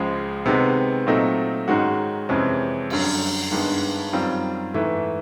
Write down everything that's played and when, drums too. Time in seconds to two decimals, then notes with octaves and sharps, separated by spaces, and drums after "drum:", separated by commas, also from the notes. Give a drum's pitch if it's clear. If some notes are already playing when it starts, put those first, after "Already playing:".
Already playing: C#2 C#3 F3 G#3
0.46 C3 D#3 G#3 B3
1.07 A#2 F#3 A3 C4 D#4
1.68 G#2 D#3 G#3 C#4 F#4
2.29 F2 C3 E3 G#3 C#4
2.90 F#2 D3 G3, drum: cymbal
3.51 G2 D#3 G#3 B3
4.13 F#2 D#3 G3 C4 F4
4.74 G#2 E3 A3, drum: tom F#2